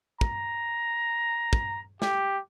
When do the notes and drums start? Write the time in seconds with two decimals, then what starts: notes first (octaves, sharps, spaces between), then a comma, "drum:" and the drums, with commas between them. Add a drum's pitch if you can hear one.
0.21 A#5, drum: kick
1.53 drum: kick
2.02 G4, drum: snare